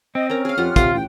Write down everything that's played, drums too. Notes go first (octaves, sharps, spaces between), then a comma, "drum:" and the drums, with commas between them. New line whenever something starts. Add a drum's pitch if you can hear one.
C4 D#5
C#4 A#4 A#5
G#4 F5 F6
F2 F4 G4 F#5
C3 F4 F#5, drum: kick, hi-hat
A1 G5